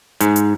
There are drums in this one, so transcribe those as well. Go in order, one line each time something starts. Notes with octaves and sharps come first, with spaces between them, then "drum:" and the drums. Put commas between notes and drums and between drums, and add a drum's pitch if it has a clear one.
G#2, drum: hi-hat
drum: hi-hat